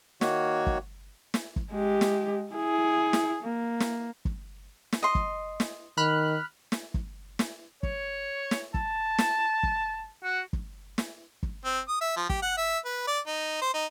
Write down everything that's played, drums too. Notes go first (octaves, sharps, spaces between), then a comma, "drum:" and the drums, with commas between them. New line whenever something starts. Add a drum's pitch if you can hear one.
D#3 A#3 F#4 C#5, drum: snare
drum: kick
drum: snare
drum: kick
G#3 G4
drum: snare
E4 G#4
drum: snare
A#3
drum: snare
drum: kick
drum: snare
D#5 C6
drum: kick
drum: snare
D#3 B5 F6 F#6
drum: snare
drum: kick
drum: snare
C#5, drum: kick
drum: snare
A5, drum: kick
drum: snare
drum: kick
F#4
drum: kick
drum: snare
drum: kick
C4
D#6
E5
F3
G4, drum: kick
F#5
E5
B4
D5
D#4
C5
D#4